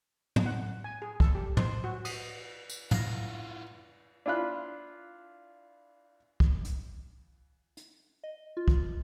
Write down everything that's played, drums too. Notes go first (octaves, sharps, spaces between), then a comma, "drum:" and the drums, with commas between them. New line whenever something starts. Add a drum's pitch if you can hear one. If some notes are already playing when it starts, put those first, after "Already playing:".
drum: tom
F#5
G#5
G#4
A4, drum: kick
G4
C5, drum: tom
F#4
D#6, drum: cymbal
drum: tambourine
E4 F4 F5 F#5 A#5, drum: tom
D4 E4 F4 B5 F#6
drum: kick
drum: hi-hat
drum: hi-hat
D#5
F4
drum: kick